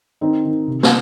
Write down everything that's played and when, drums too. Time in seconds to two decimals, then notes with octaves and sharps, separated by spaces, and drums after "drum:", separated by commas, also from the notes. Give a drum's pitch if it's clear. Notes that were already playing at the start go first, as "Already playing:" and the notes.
0.21 D#3 C4 D#4
0.45 D#3
0.67 C3
0.83 drum: snare